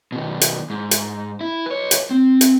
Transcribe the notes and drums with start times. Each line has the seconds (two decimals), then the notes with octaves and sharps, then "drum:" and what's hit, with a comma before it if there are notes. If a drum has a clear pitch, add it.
0.12 B2 D#3
0.41 drum: hi-hat
0.70 G#2
0.91 drum: hi-hat
1.41 E4
1.66 B4 C#5
1.91 drum: hi-hat
2.11 C4
2.41 drum: hi-hat